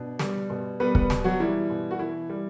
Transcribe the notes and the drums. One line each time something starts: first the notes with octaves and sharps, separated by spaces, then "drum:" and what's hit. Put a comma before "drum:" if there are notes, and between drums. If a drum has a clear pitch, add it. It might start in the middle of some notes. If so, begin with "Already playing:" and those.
Already playing: B2 D4
G3, drum: snare
B2
G3 B3 B4
B3 B4, drum: kick
B2, drum: snare
F#3 F#4
E3 G3 E4
B2
F#4
E3 E4
G3